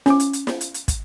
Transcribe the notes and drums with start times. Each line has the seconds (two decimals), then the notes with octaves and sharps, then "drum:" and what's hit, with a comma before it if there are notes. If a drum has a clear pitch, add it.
0.06 C#4 D6, drum: snare
0.20 drum: hi-hat
0.33 drum: hi-hat
0.47 drum: snare
0.61 drum: hi-hat
0.74 drum: hi-hat
0.88 drum: kick, hi-hat